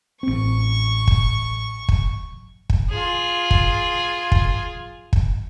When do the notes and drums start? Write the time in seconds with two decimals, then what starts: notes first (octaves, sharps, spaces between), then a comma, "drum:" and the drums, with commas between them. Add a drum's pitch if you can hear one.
0.23 A1 C4 C#6
1.07 drum: kick
1.89 drum: kick
2.70 drum: kick
2.90 F4 G#4
3.51 drum: kick
4.32 drum: kick
5.13 drum: kick